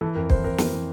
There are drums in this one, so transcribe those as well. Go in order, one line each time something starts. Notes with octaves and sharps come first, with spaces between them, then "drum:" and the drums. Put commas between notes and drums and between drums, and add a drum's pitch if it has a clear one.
E3 A4
F2 A#4
E3 C5, drum: kick
F2 A#4
E3, drum: snare
E3